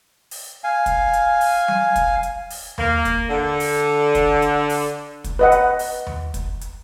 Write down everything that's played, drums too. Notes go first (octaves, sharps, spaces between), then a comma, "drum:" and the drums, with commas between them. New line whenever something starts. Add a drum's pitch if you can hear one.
drum: open hi-hat
F5 G#5
drum: kick, hi-hat
drum: hi-hat
drum: open hi-hat
drum: tom F#3
drum: kick, hi-hat
drum: hi-hat
drum: open hi-hat
A#3, drum: tom D#2
drum: kick, hi-hat
D3
drum: open hi-hat
drum: kick, hi-hat
drum: hi-hat
drum: open hi-hat
drum: kick, hi-hat
B4 D#5 F#5
drum: hi-hat
drum: open hi-hat
drum: tom D#2
drum: kick, hi-hat
drum: hi-hat